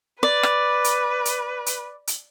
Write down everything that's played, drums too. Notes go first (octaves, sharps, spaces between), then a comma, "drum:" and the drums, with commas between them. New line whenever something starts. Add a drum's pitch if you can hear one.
B4 D5
drum: rim click
drum: hi-hat
drum: hi-hat
drum: hi-hat
drum: hi-hat